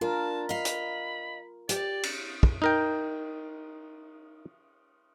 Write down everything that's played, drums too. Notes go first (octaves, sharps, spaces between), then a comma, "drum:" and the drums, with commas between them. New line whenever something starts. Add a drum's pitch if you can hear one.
D4 F4 A#4 A5
D#5 F5 B5
drum: hi-hat
G4 D5, drum: hi-hat
drum: cymbal
drum: kick
D#4 A#4 G5